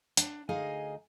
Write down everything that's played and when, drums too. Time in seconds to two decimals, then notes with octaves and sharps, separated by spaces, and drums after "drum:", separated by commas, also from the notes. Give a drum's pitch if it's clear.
0.17 D4, drum: hi-hat
0.49 D2 D#4 G#4 D#5 F5 G#5